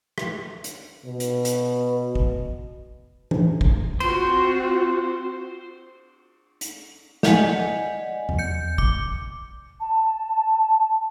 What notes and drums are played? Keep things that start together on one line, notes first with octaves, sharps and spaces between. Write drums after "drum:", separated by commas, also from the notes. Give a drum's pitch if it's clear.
drum: rim click
drum: hi-hat
B2
drum: hi-hat
drum: hi-hat
drum: kick
drum: tom E3
drum: kick
C4 F4 F#4 C5, drum: cymbal
drum: hi-hat
D5 D#5 F#5 G#5, drum: snare
drum: tom E2
G6 C#7
D6, drum: kick
A5